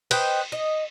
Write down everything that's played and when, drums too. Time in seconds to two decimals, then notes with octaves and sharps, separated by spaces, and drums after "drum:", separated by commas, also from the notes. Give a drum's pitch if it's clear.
0.11 B4 C5 D#5 G5, drum: cymbal
0.52 D#5